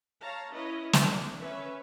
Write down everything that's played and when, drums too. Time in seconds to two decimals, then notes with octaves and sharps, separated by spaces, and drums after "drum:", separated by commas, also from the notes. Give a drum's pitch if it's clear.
0.19 C#5 F5 A5 A#5
0.51 C#4 E4 B4 C#5 D#5
0.93 A3 D4, drum: snare
1.38 C#4 B4 C#5 E5